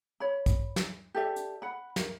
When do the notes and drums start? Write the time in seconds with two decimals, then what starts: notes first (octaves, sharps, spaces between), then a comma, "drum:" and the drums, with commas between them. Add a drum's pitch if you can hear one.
0.20 C#5 B5
0.46 drum: kick, hi-hat
0.76 drum: snare
1.14 G4 A4 D5 E5
1.36 drum: hi-hat
1.62 F#5 B5
1.96 A#4, drum: snare